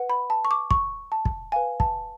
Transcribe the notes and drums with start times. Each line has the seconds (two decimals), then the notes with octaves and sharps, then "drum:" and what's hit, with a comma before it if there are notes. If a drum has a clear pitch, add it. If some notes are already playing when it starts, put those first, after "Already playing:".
Already playing: B4 F#5
0.10 B5
0.30 A5
0.45 C#6
0.51 D6
0.71 C#6, drum: kick
1.12 A5
1.25 drum: kick
1.52 B4 F5 G#5
1.80 A5, drum: kick